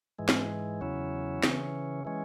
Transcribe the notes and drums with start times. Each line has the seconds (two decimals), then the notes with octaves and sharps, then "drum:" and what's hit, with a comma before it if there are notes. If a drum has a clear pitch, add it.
0.19 G#2 E3 G#3
0.29 drum: snare
0.81 E2 C#3 F#3 C#4 E4
1.43 C#3 E3 C#4, drum: snare
2.05 E3 G#3 C#4